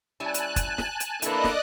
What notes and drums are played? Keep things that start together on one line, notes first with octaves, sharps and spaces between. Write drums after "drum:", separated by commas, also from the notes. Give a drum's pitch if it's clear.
G3 C#4 E4 G#5 A5 F#6
drum: hi-hat
drum: kick, hi-hat
drum: snare
drum: hi-hat
A#3 D4 E4 A4 B4 D5 D#5 F#6, drum: hi-hat
drum: snare